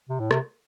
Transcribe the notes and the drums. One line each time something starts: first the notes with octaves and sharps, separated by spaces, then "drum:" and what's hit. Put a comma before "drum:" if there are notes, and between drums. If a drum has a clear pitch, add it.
C3
A2
C3, drum: rim click